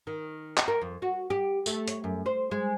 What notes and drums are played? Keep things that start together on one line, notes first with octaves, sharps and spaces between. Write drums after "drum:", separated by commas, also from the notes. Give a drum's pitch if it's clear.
D#3
drum: clap
A#4
F2
F#4
G4
A3, drum: tambourine
C#5, drum: hi-hat
F#2
C5
G#3